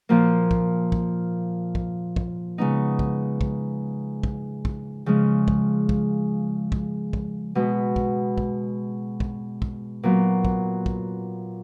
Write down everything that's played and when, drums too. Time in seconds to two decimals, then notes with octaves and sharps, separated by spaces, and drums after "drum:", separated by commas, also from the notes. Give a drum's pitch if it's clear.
0.09 A#2 F3 A#3
0.51 drum: kick
0.92 drum: kick
1.75 drum: kick
2.16 drum: kick
2.58 C#3 G#3 B3 D#4
2.99 drum: kick
3.41 drum: kick
4.23 drum: kick
4.65 drum: kick
5.06 C#3 F3 G#3
5.48 drum: kick
5.89 drum: kick
6.72 drum: kick
7.13 drum: kick
7.55 B2 G#3 B3
7.96 drum: kick
8.38 drum: kick
9.20 drum: kick
9.62 drum: kick
10.03 A#2 F#3 B3
10.45 drum: kick
10.86 drum: kick